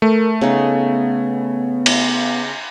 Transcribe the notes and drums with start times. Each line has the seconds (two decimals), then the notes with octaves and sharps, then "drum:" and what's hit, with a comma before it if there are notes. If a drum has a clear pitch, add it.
0.02 A3 A#4
0.41 C#3 B3 D#4
1.86 drum: cymbal